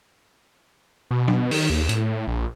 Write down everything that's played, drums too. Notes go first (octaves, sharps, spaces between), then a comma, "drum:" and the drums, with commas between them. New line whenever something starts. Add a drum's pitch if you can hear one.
B2
drum: tom
D#3, drum: open hi-hat
D#2
A2, drum: hi-hat
A#1